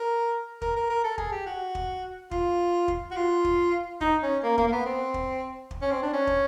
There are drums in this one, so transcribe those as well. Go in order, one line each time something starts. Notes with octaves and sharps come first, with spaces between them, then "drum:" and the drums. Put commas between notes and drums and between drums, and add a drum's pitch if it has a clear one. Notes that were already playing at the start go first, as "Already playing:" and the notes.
Already playing: A#4
A#4, drum: kick
A#4
A#4
A4
G#4, drum: kick
G4
F#4
drum: kick
F4, drum: kick
drum: kick
F#4
F4
drum: kick
D#4, drum: kick
C#4
A#3
A#3, drum: kick
A#3
B3
C4
drum: kick
drum: kick
C#4
C4
D4
C#4
drum: kick